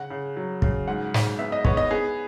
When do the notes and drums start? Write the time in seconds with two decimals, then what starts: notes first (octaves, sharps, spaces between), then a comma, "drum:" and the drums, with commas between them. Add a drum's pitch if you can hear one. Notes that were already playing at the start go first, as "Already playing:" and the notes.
Already playing: C#3 F#5
0.10 C#3
0.37 F#3
0.62 C#3, drum: kick
0.88 G#2 F#5
1.14 G#2, drum: snare
1.39 B3 E5
1.52 D#5
1.65 B3 C#5, drum: kick
1.77 D#5
1.91 B3 G#4